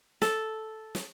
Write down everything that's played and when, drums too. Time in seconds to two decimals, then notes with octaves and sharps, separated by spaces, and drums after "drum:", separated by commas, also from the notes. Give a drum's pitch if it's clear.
0.22 A4, drum: snare
0.95 drum: snare